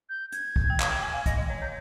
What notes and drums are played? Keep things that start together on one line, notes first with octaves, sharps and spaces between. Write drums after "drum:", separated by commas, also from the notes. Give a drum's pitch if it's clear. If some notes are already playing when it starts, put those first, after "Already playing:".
G6
G#6, drum: hi-hat
drum: kick
G5
F5, drum: clap
G5
G#5
F5
D#5 A#6, drum: kick, hi-hat
D#5
C#5 G#6
C#5 G6